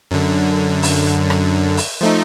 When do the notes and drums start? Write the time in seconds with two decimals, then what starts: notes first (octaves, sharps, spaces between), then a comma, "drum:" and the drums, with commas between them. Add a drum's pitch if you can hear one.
0.11 F#2 D3
0.83 drum: open hi-hat
1.30 drum: rim click
1.77 drum: open hi-hat
2.01 F3 A3 D#4